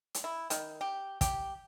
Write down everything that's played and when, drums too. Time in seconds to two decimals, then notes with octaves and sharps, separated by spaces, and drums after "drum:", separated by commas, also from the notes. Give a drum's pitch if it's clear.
0.14 drum: hi-hat
0.24 E4
0.50 D#3, drum: hi-hat
0.81 G4
1.21 G4, drum: kick, hi-hat